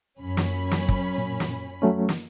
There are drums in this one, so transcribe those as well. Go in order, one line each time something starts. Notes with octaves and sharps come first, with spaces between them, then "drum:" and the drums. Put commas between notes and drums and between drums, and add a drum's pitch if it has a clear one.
F#2 C#4 B5
drum: snare
drum: snare
drum: kick
A#2
drum: snare
F#3 A3 C#4
drum: snare